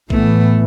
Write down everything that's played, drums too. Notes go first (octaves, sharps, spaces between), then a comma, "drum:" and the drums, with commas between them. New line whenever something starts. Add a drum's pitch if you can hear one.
A2 E3 A3 B3, drum: kick A#1